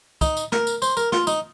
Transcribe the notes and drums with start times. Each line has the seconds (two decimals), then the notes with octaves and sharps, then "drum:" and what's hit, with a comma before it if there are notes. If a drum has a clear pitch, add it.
0.21 D#4, drum: kick, tambourine
0.37 drum: tambourine
0.52 A#4, drum: snare
0.67 drum: tambourine
0.82 C5, drum: tambourine
0.97 A#4, drum: tambourine
1.12 F4, drum: snare
1.27 D#4, drum: tambourine